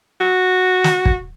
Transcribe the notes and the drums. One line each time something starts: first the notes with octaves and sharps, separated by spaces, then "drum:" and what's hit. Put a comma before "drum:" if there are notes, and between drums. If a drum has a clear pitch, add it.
F#4
drum: snare
drum: kick